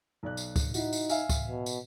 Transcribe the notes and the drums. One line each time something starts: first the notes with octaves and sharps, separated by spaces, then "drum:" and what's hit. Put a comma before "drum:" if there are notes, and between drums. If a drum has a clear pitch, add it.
B1 D5 F#6
drum: tambourine
drum: kick C#2, tambourine
D#4 E4 F#4, drum: tambourine
drum: tambourine
E5 F5 G#5, drum: tambourine
drum: kick C#2, tambourine
B2
drum: tambourine